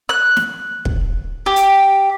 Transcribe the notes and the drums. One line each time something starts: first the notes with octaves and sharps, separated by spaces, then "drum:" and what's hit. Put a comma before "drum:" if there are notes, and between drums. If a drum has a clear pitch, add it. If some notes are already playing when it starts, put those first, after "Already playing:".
F#6
drum: snare
drum: kick
G4
drum: hi-hat